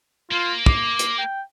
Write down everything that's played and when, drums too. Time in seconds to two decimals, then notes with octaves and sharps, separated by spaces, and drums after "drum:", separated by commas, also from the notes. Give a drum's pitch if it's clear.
0.31 A#3 F4
0.66 D6, drum: kick
0.99 drum: hi-hat
1.19 G5